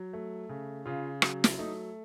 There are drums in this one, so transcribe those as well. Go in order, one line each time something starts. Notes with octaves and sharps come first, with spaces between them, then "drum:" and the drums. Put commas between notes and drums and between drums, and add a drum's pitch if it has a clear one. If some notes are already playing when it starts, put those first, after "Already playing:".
Already playing: F#3
A3
C#3
C#3 F4
F#3, drum: rim click
drum: snare
A3 D#4